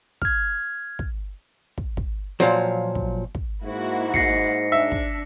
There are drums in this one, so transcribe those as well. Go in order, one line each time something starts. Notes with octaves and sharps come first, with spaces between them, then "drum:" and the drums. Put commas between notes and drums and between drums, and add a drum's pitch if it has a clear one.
F6 G#6, drum: kick
drum: kick
drum: kick
drum: kick
A#2 F3 F#3
drum: kick
drum: kick
G#2 A#3 E4 F#4
A#6 C7 C#7, drum: kick
D4 E5
drum: kick